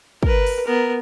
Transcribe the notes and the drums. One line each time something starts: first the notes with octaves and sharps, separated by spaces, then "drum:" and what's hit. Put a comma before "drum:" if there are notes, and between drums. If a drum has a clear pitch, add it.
A#4 B4, drum: kick
drum: open hi-hat
B3 A#4